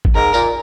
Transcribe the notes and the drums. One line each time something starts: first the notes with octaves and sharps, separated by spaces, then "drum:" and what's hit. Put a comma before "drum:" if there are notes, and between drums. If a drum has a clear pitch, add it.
drum: kick
G#2 A#4
A#2, drum: tambourine